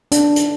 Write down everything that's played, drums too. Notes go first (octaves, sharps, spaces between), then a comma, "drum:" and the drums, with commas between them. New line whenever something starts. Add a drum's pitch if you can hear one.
D4, drum: hi-hat
drum: hi-hat